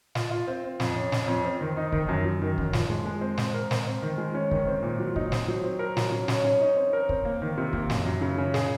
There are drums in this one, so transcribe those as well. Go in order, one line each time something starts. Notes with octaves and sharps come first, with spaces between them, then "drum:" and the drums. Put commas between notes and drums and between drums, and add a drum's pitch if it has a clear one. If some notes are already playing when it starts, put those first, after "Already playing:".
F4, drum: snare
F4
C4
C4
F2, drum: snare
C#4
C#4, drum: snare
F2
C4
D#3
D#4
D#3, drum: kick
F#2
F#2
D#3
F#2, drum: kick
F3, drum: snare
G#3
G#3
C4
C4, drum: snare
A#4
C4, drum: snare
C4
D#3
G#3
C#4
D#3, drum: kick
C4
A#2
F#3
D#4, drum: kick
C4, drum: snare
F#3
C4
A#4
F#3, drum: snare
C#4
C#4, drum: snare
C#4
D#4
C4
A#4
C4, drum: kick
A#3
D#3
C3
A#3, drum: kick
F#2, drum: snare
F#2
C#3
C#3
G#4, drum: snare